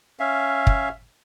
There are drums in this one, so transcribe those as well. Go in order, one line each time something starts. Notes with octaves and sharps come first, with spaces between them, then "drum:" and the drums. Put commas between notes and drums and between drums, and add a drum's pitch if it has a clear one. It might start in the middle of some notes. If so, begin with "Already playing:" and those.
C#4 E5 F5
drum: kick